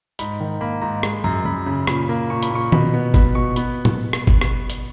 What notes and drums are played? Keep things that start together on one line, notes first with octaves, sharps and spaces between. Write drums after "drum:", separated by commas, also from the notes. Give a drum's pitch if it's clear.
G#2 B5, drum: hi-hat
D#3
A#3 B5
G#2 A#5
G#3 B5, drum: rim click
F#2 A#5
F#2 B5
C#3
A#2 B5, drum: rim click
A#3
A#2 C#6
B5, drum: hi-hat
A#2 C#6
B2 B5, drum: tom D#3
B3
B2 B5, drum: kick G1
B2 C#6
B3 B5, drum: hi-hat
drum: tom
drum: rim click
drum: kick G1
drum: rim click
drum: hi-hat